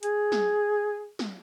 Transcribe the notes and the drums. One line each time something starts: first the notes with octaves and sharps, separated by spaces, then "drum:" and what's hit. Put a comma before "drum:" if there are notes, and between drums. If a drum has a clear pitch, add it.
G#4, drum: hi-hat
drum: snare
drum: snare